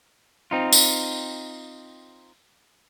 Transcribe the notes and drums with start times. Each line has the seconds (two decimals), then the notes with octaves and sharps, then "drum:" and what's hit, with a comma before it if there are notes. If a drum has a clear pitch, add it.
0.51 C4 D#4 F4
0.72 drum: tambourine